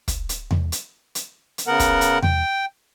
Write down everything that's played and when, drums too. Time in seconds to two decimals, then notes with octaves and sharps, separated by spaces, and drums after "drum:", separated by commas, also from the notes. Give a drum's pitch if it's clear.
0.08 drum: kick, hi-hat
0.29 drum: hi-hat
0.51 drum: tom E2
0.72 drum: hi-hat
1.15 drum: hi-hat
1.58 drum: hi-hat
1.67 C#3 B3 A#4 F#5
1.79 drum: kick, hi-hat
2.01 drum: hi-hat
2.22 G5, drum: tom E2